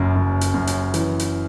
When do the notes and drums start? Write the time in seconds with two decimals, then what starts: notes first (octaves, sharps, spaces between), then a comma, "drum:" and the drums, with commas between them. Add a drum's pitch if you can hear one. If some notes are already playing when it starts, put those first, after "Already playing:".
Already playing: F#1 F#2
0.15 F#2
0.41 drum: hi-hat
0.54 F#2
0.67 drum: hi-hat
0.94 E3, drum: hi-hat
1.19 drum: hi-hat